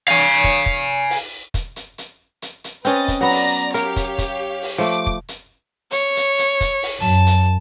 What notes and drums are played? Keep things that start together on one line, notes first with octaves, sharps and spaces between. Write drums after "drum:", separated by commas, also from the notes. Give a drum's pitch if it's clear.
F5 G#5
drum: kick, hi-hat
drum: kick
drum: open hi-hat
drum: kick, hi-hat
drum: hi-hat
drum: hi-hat
drum: hi-hat
drum: hi-hat
C4 C#4 B4 D#5 A6, drum: hi-hat
drum: kick, hi-hat
F#3 B3 D5 A#5 A#6
drum: open hi-hat
G4 A#4 C#5 F5, drum: hi-hat
drum: kick, hi-hat
drum: kick, hi-hat
drum: open hi-hat
F3 A3 D6
drum: kick
drum: hi-hat
C#5, drum: hi-hat
drum: hi-hat
drum: hi-hat
drum: kick, hi-hat
drum: open hi-hat
F#2 A5
drum: hi-hat